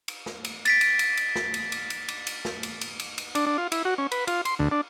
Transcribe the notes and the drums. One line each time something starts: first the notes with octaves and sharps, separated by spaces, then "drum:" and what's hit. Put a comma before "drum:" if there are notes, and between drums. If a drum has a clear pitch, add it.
drum: cymbal
drum: snare
drum: cymbal
A6 B6 D7, drum: cymbal
drum: cymbal
drum: cymbal
drum: cymbal
drum: snare
drum: cymbal
drum: cymbal
drum: cymbal
drum: cymbal
drum: cymbal
drum: snare
drum: cymbal
drum: cymbal
drum: cymbal
drum: cymbal
D4, drum: cymbal
D4
F4
E4, drum: cymbal
F#4
C#4
B4, drum: cymbal
F4, drum: cymbal
C6, drum: cymbal
D2
D4